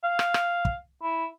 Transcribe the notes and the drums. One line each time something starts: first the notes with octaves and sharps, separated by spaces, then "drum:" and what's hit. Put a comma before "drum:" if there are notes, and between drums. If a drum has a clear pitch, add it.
F5
drum: rim click
drum: rim click
drum: kick
E4